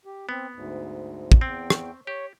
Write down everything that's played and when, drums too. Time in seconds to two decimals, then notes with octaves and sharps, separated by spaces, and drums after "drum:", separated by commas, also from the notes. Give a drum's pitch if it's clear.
0.05 G4
0.29 B3 C4
0.54 D2 G#2
1.32 drum: kick
1.41 E2 C4 G5
1.70 drum: rim click
2.07 G4 C#5